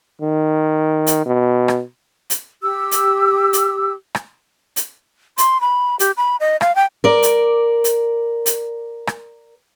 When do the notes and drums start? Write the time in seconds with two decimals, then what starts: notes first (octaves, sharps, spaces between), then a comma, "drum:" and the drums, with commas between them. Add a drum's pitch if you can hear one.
0.21 D#3
1.07 drum: hi-hat
1.26 B2
1.68 drum: rim click
2.30 drum: hi-hat
2.62 G4 E6
2.91 drum: hi-hat
3.53 drum: hi-hat
4.15 drum: rim click
4.76 drum: hi-hat
5.38 C6, drum: hi-hat
5.61 B5
5.99 G4, drum: hi-hat
6.17 B5
6.40 D#5
6.61 F5, drum: rim click
6.75 G5
7.04 A#4 D5
7.23 drum: hi-hat
7.84 drum: hi-hat
8.46 drum: hi-hat
9.07 drum: rim click